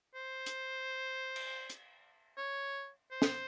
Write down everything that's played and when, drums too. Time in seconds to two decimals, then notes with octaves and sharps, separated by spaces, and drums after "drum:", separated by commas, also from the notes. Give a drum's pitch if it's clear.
0.15 C5
0.46 drum: hi-hat
1.36 drum: cymbal
1.70 drum: hi-hat
2.38 C#5
3.12 C5
3.22 drum: snare